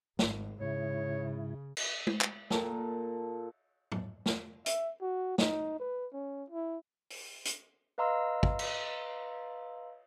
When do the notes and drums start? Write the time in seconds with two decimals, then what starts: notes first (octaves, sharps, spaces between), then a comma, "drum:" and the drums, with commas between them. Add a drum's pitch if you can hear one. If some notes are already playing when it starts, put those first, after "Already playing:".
0.19 G#1, drum: snare
0.61 G#2 C#3 E4 C#5
1.77 drum: cymbal
2.07 drum: tom G#3
2.21 drum: clap
2.50 A#2 A4 A#5, drum: snare
3.92 drum: tom
4.26 drum: snare
4.66 E5, drum: hi-hat
5.01 F#4
5.38 D#4, drum: snare
5.80 B4
6.13 C#4
6.50 E4
7.10 drum: open hi-hat
7.45 drum: hi-hat
7.98 B4 D#5 F5 A#5 C6 E6
8.43 drum: kick
8.59 drum: cymbal